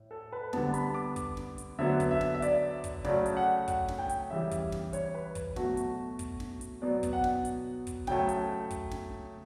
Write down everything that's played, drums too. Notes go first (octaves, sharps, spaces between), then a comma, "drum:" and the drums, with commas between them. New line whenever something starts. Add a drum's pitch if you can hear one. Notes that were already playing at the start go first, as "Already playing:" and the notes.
Already playing: A2
A4
B4
D3 G3 B3 A5, drum: snare
B5, drum: hi-hat
D6
drum: kick, hi-hat
drum: snare
drum: hi-hat
D3 F#3 B3 E5
drum: kick, hi-hat
E5
drum: snare
E5
D5, drum: hi-hat
drum: kick, hi-hat
C#3 F#3 A3 D5, drum: snare
drum: hi-hat
F#5
F#5, drum: kick, hi-hat
drum: snare
G5
drum: hi-hat
C#3 E3 G3 E5
drum: kick, hi-hat
drum: snare
C#5, drum: hi-hat
B4
drum: kick, hi-hat
B2 F#3 A3 F#4, drum: snare
drum: hi-hat
drum: kick, hi-hat
drum: snare
drum: hi-hat
B2 F#3 B3 D5
drum: kick, hi-hat
F#5
drum: snare
drum: hi-hat
drum: kick, hi-hat
C#3 F#3 A3 G5, drum: snare
drum: hi-hat
drum: kick, hi-hat
drum: snare